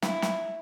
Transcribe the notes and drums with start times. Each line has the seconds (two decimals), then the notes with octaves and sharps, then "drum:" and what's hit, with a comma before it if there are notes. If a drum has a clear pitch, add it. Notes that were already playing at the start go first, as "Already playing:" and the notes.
0.02 E4, drum: snare
0.22 drum: snare